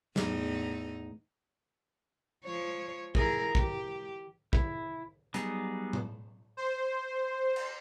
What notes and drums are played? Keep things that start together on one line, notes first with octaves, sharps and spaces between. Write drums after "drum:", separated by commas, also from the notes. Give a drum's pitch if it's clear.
E2 A2 D#4, drum: snare
F3 C#5
E3 G#4 A#4, drum: kick
G4, drum: kick
E4, drum: kick
F#3 G3 B3 D#4 G#4, drum: hi-hat
drum: tom A2
C5
drum: cymbal